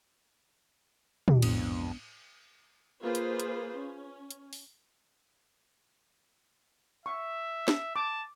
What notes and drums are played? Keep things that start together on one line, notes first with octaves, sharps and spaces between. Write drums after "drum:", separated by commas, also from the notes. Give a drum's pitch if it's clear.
E2 D#3 G4, drum: tom
B1 F2 G#2 B3 D4 D#6, drum: cymbal
A#3 F4 G#4 B4 C5
drum: hi-hat
drum: hi-hat
C#4
drum: hi-hat
drum: open hi-hat
E5 C#6
drum: snare
A5 D6